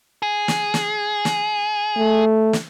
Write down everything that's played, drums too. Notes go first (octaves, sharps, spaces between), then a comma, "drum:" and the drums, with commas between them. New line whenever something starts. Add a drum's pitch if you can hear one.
G#4
drum: snare
drum: snare
drum: snare
A3
drum: snare